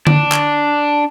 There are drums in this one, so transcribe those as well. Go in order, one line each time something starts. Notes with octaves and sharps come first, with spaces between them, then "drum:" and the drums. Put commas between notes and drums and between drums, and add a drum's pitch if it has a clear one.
D4, drum: tom D3
drum: clap